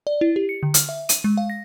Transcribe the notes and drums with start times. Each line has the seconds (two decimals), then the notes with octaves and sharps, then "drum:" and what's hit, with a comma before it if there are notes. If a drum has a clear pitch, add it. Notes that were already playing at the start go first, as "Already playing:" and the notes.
0.07 D5
0.21 E4
0.36 G4
0.49 C#7
0.63 D3
0.74 F6, drum: hi-hat
0.89 E5
1.09 D#7, drum: hi-hat
1.24 G#3
1.37 F5
1.50 A#6